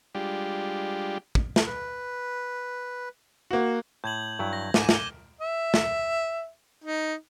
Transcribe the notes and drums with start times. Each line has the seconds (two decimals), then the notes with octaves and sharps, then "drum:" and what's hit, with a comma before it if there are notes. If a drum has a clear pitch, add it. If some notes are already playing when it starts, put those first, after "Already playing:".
0.15 G3 G#3 D4 F4 G4
1.35 drum: kick
1.56 drum: snare
1.67 B4
3.51 A#3 F#4
4.04 A2 G6 G#6 F#7
4.39 G2 F#3 E4
4.53 A#6
4.74 G#2 D6 D#7 E7, drum: snare
4.89 D#7 G7, drum: snare
5.41 E5
5.74 drum: snare
6.84 D#4